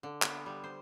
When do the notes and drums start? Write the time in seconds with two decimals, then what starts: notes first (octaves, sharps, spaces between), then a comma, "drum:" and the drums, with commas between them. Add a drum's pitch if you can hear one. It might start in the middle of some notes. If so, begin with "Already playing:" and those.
0.03 D3
0.22 B3, drum: clap
0.46 G3
0.64 C5